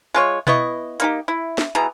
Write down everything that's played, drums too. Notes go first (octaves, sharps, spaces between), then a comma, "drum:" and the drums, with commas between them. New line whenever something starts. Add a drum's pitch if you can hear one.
G#3 F4 C#5
B3 E4 D#5 C#6, drum: tom B2
A#3 D#4 G4, drum: hi-hat
E4
drum: snare
B2 E3 G#4 A#5, drum: hi-hat